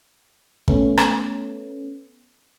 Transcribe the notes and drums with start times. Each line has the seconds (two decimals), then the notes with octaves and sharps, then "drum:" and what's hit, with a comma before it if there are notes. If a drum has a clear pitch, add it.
0.68 A3 B3 C#4, drum: kick
0.97 drum: rim click